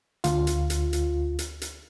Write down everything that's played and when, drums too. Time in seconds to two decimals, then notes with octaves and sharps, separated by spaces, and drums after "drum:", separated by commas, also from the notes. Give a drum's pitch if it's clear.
0.24 D2 F4, drum: hi-hat
0.47 drum: hi-hat
0.70 drum: hi-hat
0.93 drum: hi-hat
1.39 drum: hi-hat
1.62 drum: hi-hat